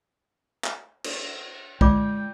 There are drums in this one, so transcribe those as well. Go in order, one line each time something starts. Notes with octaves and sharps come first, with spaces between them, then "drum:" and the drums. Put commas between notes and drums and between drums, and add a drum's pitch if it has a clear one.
drum: clap
drum: cymbal
G#3 F4 D5 G5 D6, drum: kick B1